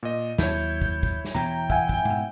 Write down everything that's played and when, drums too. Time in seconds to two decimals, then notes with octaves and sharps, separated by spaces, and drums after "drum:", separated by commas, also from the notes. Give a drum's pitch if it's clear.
0.03 A#2 D#5
0.38 D#2 F#3 E4 C#5 G6, drum: snare
0.60 drum: tambourine
0.81 drum: kick, tambourine
1.03 drum: kick, tambourine
1.25 drum: snare
1.34 E2 B2 E3 G5 A#5
1.46 drum: tambourine
1.70 E5 F#5 G#5, drum: kick, tambourine
1.89 drum: kick, tambourine
2.05 G#2 B2